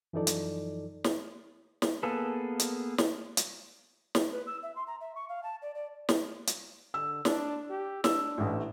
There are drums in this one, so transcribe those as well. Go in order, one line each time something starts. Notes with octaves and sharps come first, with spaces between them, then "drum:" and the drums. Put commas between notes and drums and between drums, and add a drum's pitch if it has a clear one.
F#2 E3 F3 D#4 A4 D5
drum: hi-hat
drum: snare
drum: snare
A#3 B3 G#4 A4 B4
drum: hi-hat
drum: snare
drum: hi-hat
drum: snare
B4
E6
E5
C6
A#5
E5
C#6
F5
A5
D5
D5
drum: snare
drum: hi-hat
D3 E6
D4, drum: snare
G4
D4 E6, drum: snare
A1 A2